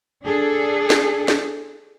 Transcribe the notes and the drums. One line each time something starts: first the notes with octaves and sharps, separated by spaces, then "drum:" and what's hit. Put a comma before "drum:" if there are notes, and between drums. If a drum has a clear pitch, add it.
D4 G#4 A4
drum: snare
drum: snare